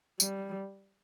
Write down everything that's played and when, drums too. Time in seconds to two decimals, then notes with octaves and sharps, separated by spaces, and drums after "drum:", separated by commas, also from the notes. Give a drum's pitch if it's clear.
0.20 G3, drum: tambourine